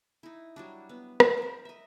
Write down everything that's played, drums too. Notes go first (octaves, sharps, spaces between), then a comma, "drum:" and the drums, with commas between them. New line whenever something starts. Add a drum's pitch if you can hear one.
D#4 E4
F#3 G3 D4
B3
drum: rim click
A#4 C5
D#5 E5